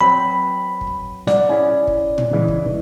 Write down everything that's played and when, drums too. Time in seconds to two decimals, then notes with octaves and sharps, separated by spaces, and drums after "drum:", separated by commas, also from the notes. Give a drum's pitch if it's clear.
0.01 F#3 C4 B4 B5
0.81 drum: kick
1.27 D5 F#5, drum: snare
1.49 C#4 E4 G#4
1.87 drum: kick
2.18 drum: tom A#2
2.33 C#3 E3 G#3
2.48 drum: kick